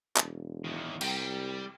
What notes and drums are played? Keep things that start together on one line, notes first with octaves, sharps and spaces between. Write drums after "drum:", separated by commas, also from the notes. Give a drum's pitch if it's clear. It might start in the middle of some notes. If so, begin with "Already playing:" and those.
E1, drum: clap
E2 D#3
C2 G3, drum: cymbal